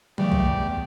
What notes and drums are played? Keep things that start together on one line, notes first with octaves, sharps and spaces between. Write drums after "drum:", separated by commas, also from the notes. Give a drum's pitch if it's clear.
C#3 E3 A3 G4 D5, drum: tom F#3
drum: kick B1
E2